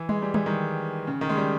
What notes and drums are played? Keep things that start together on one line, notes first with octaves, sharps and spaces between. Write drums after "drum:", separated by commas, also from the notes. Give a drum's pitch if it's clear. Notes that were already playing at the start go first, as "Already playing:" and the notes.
Already playing: E3
G#3, drum: tom G3
G3
E3, drum: tom G3
D#3
C#3
D#3
G#3
G3